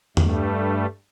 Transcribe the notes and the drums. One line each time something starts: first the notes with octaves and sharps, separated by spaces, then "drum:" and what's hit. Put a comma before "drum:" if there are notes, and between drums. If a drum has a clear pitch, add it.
G2 G3 A3, drum: tom E2